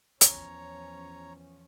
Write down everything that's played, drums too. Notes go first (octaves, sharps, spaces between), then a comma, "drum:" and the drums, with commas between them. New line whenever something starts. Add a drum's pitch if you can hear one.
E2 F3 C#4 C#5 A#5, drum: hi-hat